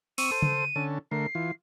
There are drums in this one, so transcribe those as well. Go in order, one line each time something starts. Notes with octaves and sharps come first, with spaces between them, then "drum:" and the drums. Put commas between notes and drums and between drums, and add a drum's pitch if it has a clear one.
C4 C#6 E6 D#7, drum: open hi-hat
A4 C5
drum: tom C#3
D3 C#4 A4
D3 A3 A#4 C7
E3 F4